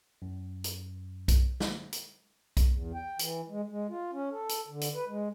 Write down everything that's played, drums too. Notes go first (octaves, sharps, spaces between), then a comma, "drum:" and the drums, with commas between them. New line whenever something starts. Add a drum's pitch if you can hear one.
F#2
drum: hi-hat
drum: kick B1, hi-hat
drum: snare
drum: hi-hat
drum: kick B1, hi-hat
E2
G5
E3, drum: hi-hat
G#3
G#3
F4
C#4
A4
drum: hi-hat
D3
drum: hi-hat
B4
G#3